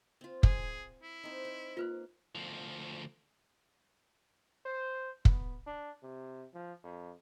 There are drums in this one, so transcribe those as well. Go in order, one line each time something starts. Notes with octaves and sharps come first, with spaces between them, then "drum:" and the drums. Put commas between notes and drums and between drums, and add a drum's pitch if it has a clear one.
C4 F4
G#4 G#5, drum: kick
E4
C4 D#4
C5
A#3 F4 B4 C5
D2 F3
C5
B3, drum: kick
D4
C3
F3
F2